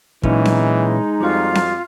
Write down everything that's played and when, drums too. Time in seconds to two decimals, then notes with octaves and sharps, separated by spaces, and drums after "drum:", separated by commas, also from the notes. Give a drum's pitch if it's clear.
0.23 A#2 E3 F#3 G#3 C#4 D#4, drum: kick
0.45 drum: snare C4
1.20 F2 G3 F4 F#4
1.55 drum: snare C4